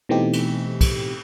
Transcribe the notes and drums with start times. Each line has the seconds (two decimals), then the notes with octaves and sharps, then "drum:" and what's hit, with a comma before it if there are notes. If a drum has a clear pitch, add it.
0.09 B2 E3 A3 C4 D#4 G4
0.33 drum: cymbal
0.81 drum: kick, cymbal